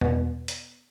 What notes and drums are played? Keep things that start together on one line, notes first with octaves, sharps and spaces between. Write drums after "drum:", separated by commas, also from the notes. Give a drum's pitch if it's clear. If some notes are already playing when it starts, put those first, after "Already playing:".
B2, drum: tom E2
drum: hi-hat